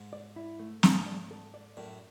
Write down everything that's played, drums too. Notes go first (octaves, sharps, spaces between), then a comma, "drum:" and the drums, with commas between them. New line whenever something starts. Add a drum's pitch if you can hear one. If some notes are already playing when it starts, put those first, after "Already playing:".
Already playing: G#2
D5
E4
A3
G#2 A3, drum: snare
D5
A4
D5
F#2 A2 D5